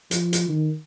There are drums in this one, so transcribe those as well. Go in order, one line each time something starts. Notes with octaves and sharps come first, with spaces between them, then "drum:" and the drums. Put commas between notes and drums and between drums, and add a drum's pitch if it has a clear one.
F3, drum: hi-hat
drum: hi-hat
D#3